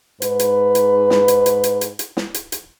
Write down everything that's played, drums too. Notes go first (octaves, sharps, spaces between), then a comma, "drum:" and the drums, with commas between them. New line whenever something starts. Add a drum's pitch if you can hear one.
G#2 B4, drum: hi-hat
drum: hi-hat
drum: hi-hat
drum: snare
drum: hi-hat
drum: hi-hat
drum: hi-hat
drum: hi-hat
drum: hi-hat
drum: snare
drum: hi-hat
drum: hi-hat